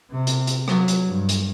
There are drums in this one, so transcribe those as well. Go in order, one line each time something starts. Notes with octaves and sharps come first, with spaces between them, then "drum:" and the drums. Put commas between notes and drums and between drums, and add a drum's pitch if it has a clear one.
C3
drum: hi-hat
drum: hi-hat
F#3, drum: rim click
drum: hi-hat
G2
drum: hi-hat